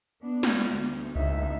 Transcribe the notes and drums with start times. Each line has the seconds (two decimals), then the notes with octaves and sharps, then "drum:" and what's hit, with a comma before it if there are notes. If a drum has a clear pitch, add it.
0.22 B3 D4
0.43 drum: snare
0.71 D2
1.15 C#2 D#4 E5